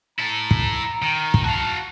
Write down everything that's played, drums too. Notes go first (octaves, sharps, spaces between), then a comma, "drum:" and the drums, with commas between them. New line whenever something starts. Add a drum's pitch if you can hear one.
E4 A4 A#5
drum: kick
D#3
drum: kick
F#4 F5 A5